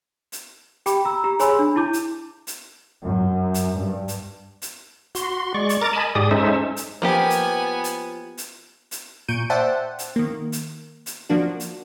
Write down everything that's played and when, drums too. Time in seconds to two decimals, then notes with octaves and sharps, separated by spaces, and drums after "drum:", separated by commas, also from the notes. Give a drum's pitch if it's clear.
0.32 drum: hi-hat
0.86 G4 G5 B5 D6, drum: hi-hat
1.05 A#5 E6
1.24 G4 A#5
1.39 G#4 C#5 G#5 B5 C6 E6, drum: hi-hat
1.59 D4
1.76 E4 A5 D6 G6
1.93 drum: hi-hat
2.47 drum: hi-hat
3.04 F#2
3.54 drum: hi-hat
3.79 G2
4.08 drum: hi-hat
4.62 drum: hi-hat
5.15 F#4 C6, drum: hi-hat
5.54 G#3 D5 C#6
5.69 drum: hi-hat
5.81 A#4 A#5 D6 A6
5.93 D#5 G#5 A5 B5
6.15 G#2 G4 G#4 D5 D#6
6.31 G#3 C#4 D#4 A4 C5 E5
6.76 drum: hi-hat
7.02 F3 A#3 B3 G4 G#5
7.30 drum: hi-hat
7.84 drum: hi-hat
8.38 drum: hi-hat
8.91 drum: hi-hat
9.28 A#2 C#6 G6 D7 D#7
9.50 C5 D5 E5 F#5 G5 A5
9.99 drum: hi-hat
10.16 D#3 A#3
10.52 drum: hi-hat
11.06 drum: hi-hat
11.29 F3 A#3 D4 F#4
11.60 drum: hi-hat